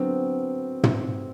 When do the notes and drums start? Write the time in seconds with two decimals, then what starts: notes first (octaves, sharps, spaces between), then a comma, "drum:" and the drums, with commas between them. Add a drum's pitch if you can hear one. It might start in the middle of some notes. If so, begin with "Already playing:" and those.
Already playing: D3 F#3 B3 C4
0.83 drum: tom